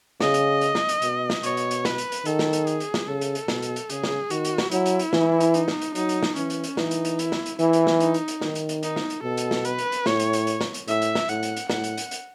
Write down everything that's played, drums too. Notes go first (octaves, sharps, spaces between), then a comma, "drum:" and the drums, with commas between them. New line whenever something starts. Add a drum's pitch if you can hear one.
C#3 D#5, drum: snare
drum: hi-hat
drum: hi-hat
drum: snare
drum: hi-hat
B2, drum: hi-hat
drum: snare
B2 C#5, drum: hi-hat
drum: hi-hat
drum: hi-hat
B4, drum: snare
drum: hi-hat
drum: hi-hat
D#3 A4, drum: hi-hat
drum: snare
drum: hi-hat
G#4, drum: hi-hat
drum: hi-hat
drum: snare
C#3 A4
drum: hi-hat
drum: hi-hat
B2, drum: snare
drum: hi-hat
drum: hi-hat
C#3 G#4, drum: hi-hat
drum: snare
D#3 F#4, drum: hi-hat
drum: hi-hat
drum: snare
F#3 E4, drum: hi-hat
drum: hi-hat
drum: hi-hat
E3, drum: snare
drum: hi-hat
D#4, drum: hi-hat
drum: snare
drum: hi-hat
F#3 D#4, drum: hi-hat
drum: hi-hat
drum: snare
E3 C#4, drum: hi-hat
drum: hi-hat
drum: hi-hat
E3 D#4, drum: snare
drum: hi-hat
drum: hi-hat
E4, drum: hi-hat
drum: snare
drum: hi-hat
E3 E4, drum: hi-hat
drum: hi-hat
drum: snare
D#4, drum: hi-hat
drum: hi-hat
drum: hi-hat
D#3, drum: snare
drum: hi-hat
drum: hi-hat
D#4, drum: hi-hat
drum: snare
drum: hi-hat
B2 A4
drum: hi-hat
drum: snare
B4, drum: hi-hat
drum: hi-hat
drum: hi-hat
A2 C#5, drum: snare
drum: hi-hat
drum: hi-hat
drum: hi-hat
drum: snare
drum: hi-hat
A2 E5, drum: hi-hat
drum: hi-hat
drum: snare
A2 F#5, drum: hi-hat
drum: hi-hat
drum: hi-hat
A2 F#5, drum: snare
drum: hi-hat
drum: hi-hat
drum: hi-hat